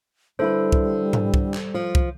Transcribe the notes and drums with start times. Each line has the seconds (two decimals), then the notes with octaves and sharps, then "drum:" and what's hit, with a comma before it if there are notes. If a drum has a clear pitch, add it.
0.39 D3 G3 E4 A4 B4 C5
0.72 drum: kick C2
1.13 drum: tom G#2
1.34 drum: kick C2
1.54 drum: clap
1.74 F3
1.95 drum: kick C2